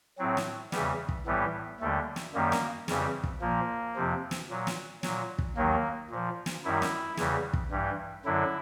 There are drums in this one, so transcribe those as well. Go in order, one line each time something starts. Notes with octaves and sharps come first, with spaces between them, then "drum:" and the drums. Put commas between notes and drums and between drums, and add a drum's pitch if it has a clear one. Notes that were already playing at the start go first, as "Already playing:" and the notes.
A2 F#3 C4
drum: snare
E2 C#3 E3 G3 B3, drum: snare
drum: kick
A2 E3 G3 B3
D#2 D3 G3 A3
drum: snare
F#2 D#3 G3 A#3
drum: snare
F2 C#3 E3 G3, drum: snare
drum: kick
A#2 F3 A#3
F2 C3 F3
drum: snare
A#2 F#3
drum: snare
A#2 F#3, drum: snare
drum: kick
D#2 D#3 F#3 A#3
A#2 F3
drum: snare
F#2 D#3 G3 E4
drum: snare
E2 C#3 E3 G3, drum: snare
drum: kick
G2 E3 G3
F#2 D3 F#3 E4